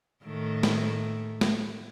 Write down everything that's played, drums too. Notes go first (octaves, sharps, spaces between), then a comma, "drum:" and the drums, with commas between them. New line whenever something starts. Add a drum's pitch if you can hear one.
A2 D#3 A3
drum: snare
drum: snare